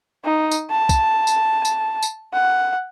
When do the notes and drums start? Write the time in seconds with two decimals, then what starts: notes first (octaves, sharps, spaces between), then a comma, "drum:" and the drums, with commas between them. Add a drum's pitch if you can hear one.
0.25 D#4
0.51 drum: tambourine
0.70 A5
0.89 drum: kick, tambourine
1.27 drum: tambourine
1.65 drum: tambourine
2.03 drum: tambourine
2.33 F#5